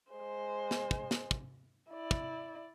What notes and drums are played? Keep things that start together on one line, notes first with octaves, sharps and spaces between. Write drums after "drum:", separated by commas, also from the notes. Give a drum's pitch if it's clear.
G#3 C5
drum: snare
drum: kick
drum: snare
drum: kick
E4 D5
drum: kick